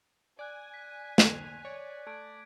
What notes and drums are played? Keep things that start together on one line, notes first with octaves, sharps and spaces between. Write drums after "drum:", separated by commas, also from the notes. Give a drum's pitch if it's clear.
D5 G#5 F#6 G#6
B6
drum: snare
C#5 D5
A3 G#6 D7